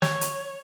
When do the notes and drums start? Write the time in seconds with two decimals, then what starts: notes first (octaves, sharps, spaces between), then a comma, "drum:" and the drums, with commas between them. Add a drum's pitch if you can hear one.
0.02 C#5, drum: snare
0.21 drum: hi-hat